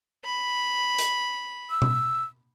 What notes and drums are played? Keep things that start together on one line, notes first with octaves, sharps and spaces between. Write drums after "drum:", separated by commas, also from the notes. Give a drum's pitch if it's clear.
B5
drum: hi-hat
E6
drum: tom B2